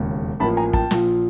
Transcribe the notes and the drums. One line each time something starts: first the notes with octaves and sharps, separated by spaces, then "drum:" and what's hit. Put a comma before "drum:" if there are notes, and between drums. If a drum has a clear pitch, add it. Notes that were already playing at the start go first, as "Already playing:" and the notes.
Already playing: E1 D#2 C#3
A1 A2 F3 A#3 A5 B5
G#5 A#5
G5 A5, drum: kick
A#1 A#2 F3, drum: snare